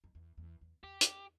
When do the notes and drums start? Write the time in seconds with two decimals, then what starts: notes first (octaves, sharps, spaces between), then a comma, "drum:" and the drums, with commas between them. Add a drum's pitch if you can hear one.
0.04 F2
0.15 E2
0.37 E2
0.61 E2
0.83 E2 G4
1.01 drum: hi-hat